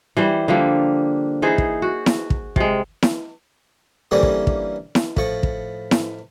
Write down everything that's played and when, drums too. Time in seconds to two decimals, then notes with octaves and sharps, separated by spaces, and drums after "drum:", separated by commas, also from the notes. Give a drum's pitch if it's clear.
0.17 E3 G3 C5
0.48 D3 F3 G3 A#3
1.42 E3 D#4 G#4 C5
1.58 drum: kick
1.82 F#4
2.06 drum: snare E4
2.30 drum: kick
2.56 C3 G#3, drum: kick
3.03 drum: snare E4
4.11 D3 E3 G3 A#3 C4 C#4
4.23 drum: kick
4.47 drum: kick
4.95 drum: snare E4
5.17 A2 F3 C#6, drum: kick
5.43 drum: kick
5.91 drum: snare E4